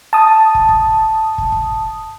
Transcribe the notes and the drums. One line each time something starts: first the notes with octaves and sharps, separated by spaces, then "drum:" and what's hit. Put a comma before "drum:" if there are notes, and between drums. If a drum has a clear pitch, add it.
A5 D#6
drum: kick
drum: kick
drum: kick
drum: kick